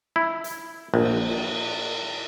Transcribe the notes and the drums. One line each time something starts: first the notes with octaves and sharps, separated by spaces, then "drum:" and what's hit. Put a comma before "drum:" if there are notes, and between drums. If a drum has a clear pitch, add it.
E4
drum: hi-hat
A#1, drum: cymbal
drum: cymbal